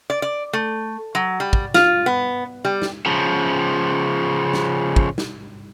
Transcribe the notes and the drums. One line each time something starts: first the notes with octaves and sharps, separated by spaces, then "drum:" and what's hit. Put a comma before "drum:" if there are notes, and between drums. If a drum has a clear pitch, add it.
D5
D5
A3
F#3
G3
drum: kick
F4, drum: snare
B3
G3
drum: snare
C#3 F3
drum: snare
drum: kick
drum: snare